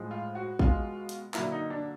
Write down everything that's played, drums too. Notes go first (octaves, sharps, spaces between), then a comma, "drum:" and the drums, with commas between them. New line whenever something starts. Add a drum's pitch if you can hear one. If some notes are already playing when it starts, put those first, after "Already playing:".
Already playing: A2 F3 G#3
F4
F#4
B2 G#3 F4, drum: kick A1
drum: hi-hat
D3 F#3 A#3 E4, drum: clap
D#4
D4